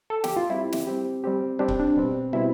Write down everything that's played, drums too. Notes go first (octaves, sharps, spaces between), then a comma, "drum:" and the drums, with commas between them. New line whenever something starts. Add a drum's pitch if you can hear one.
A4
G4, drum: snare
F4
G3 C4 E4 G4
drum: snare
G3 C4 G4
G3 C4 G4
G3 C4 D4 G4
drum: kick C#1
D4
B2 G3 C4
B2 G3 C4 E4